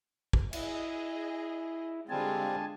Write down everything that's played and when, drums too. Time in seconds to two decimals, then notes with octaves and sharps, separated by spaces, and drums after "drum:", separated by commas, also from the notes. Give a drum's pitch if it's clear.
0.33 drum: kick
0.53 E4 G#4 D#5, drum: cymbal
2.09 D3 G3 G#3 C4 F4 G#5 A5